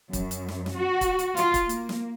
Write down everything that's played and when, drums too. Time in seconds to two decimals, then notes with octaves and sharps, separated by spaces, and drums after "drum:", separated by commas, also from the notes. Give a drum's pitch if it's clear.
0.13 F#2, drum: kick, hi-hat
0.31 drum: hi-hat
0.48 drum: snare
0.66 drum: snare
0.76 F#4
1.01 drum: kick, hi-hat
1.19 drum: hi-hat
1.37 F4, drum: hi-hat
1.54 drum: kick, hi-hat
1.69 A#3, drum: hi-hat
1.89 drum: snare